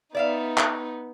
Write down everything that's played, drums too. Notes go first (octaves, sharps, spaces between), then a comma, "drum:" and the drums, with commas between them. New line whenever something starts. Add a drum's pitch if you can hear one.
B3 D#4 D5 E5 F5
drum: clap